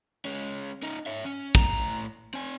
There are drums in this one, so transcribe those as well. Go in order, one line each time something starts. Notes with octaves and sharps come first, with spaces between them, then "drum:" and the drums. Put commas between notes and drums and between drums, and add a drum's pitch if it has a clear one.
G#3 C#4
C#4 D#4, drum: tambourine
C#5 E5
C#4
A2 A#5, drum: kick
C4 G#5